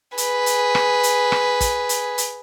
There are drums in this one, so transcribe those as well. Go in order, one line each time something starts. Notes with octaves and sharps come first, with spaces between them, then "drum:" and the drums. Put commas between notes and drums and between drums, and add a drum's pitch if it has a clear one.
G#4 B4, drum: hi-hat
drum: hi-hat
drum: rim click
drum: hi-hat
drum: rim click
drum: kick, hi-hat
drum: hi-hat
drum: hi-hat